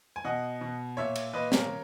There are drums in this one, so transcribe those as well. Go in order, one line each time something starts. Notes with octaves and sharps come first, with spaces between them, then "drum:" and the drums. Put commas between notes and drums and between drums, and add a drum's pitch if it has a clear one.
G#5
B2 D#5 F#5
B2
A#2 C#5 E5
drum: cymbal
A#2 B4 D#5
A#4 C#5, drum: snare